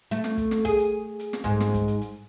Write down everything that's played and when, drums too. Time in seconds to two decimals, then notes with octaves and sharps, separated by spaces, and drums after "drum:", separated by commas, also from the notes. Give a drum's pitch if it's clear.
0.11 A3, drum: hi-hat
0.24 drum: snare
0.38 drum: kick, hi-hat
0.51 drum: snare
0.65 G#4, drum: kick, hi-hat
0.79 drum: hi-hat
1.19 drum: hi-hat
1.33 drum: snare
1.44 G#2, drum: kick, hi-hat
1.60 drum: snare
1.74 drum: kick, hi-hat
1.88 drum: hi-hat
2.01 drum: hi-hat